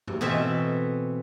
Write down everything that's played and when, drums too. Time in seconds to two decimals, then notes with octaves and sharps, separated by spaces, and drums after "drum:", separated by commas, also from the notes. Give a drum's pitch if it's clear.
0.07 drum: tom G#2
0.21 B2 E3 C4 A4 E5